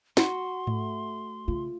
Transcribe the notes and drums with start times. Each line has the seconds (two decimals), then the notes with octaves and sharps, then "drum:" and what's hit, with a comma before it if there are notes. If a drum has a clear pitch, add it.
0.17 F#4 C6, drum: snare
0.67 A3, drum: tom G#2
1.48 C#3 A3 F4